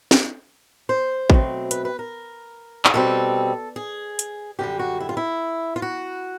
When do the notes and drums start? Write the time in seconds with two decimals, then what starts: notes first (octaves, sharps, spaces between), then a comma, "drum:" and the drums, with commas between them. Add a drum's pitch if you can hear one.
0.11 drum: snare
0.89 C5
1.30 B2 F#3 A3 C4, drum: kick
1.71 B4, drum: hi-hat
1.85 B4
1.99 A#4
2.85 G#4, drum: clap
2.94 B2 G3 C4 A4
3.76 G#4
4.19 drum: hi-hat
4.59 F#2 D3 G3 G4
4.79 F#4
5.00 E4
5.09 F4
5.17 E4
5.76 F4
5.82 F#4